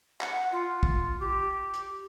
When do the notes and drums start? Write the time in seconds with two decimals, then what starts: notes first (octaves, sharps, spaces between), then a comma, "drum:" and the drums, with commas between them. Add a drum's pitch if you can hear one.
0.21 F#5, drum: clap
0.52 F4
0.83 drum: kick
1.20 G4
1.74 drum: hi-hat